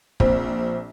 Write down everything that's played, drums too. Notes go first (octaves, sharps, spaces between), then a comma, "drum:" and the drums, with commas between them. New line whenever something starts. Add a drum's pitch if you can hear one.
A#1 C4, drum: kick